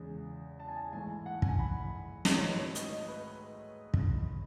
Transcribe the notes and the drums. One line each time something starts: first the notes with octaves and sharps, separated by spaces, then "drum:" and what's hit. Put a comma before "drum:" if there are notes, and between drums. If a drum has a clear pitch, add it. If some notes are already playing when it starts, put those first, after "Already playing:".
Already playing: E2 C#3 G#3
A5
G#5
A5
G#2 E3 A3 G#5
F#5
G#5, drum: kick
B5
G#2 D#3 F#3 A3 D#5, drum: snare
C#5
B4
C#5
D#5, drum: hi-hat
D#5
B4
drum: kick